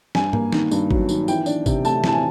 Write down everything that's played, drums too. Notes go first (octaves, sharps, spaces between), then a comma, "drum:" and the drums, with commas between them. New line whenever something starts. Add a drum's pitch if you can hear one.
G2 G#5, drum: snare
A#3, drum: tom G#2
D#3, drum: snare
G2, drum: tambourine
F#3, drum: kick G#1
D#3, drum: tambourine
E3 G5, drum: tambourine
D4, drum: tambourine
C3, drum: kick G#1, tambourine
A3 A5, drum: tambourine
E3 A5, drum: snare
G#5